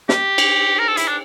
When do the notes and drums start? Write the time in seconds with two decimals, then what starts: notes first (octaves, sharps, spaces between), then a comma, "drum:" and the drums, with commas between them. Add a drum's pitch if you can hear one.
0.09 G4, drum: snare
0.38 drum: cymbal
0.79 A#4
0.88 A4
0.97 E4, drum: hi-hat
1.08 D4